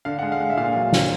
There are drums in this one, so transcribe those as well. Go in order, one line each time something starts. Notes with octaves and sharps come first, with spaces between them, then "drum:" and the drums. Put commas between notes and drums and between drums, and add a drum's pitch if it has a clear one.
D3 F5
F#5
G#3
F5
G#3
E5
A#2 F5
F#3
A#2, drum: snare